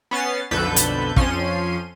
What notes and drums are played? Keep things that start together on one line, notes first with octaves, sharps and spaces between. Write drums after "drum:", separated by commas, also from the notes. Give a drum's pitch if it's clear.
B3 C#4 A6 C7
B1 F2 D3 A4 B4 G6
drum: hi-hat
F2 F3 C#4 C6 D#7, drum: kick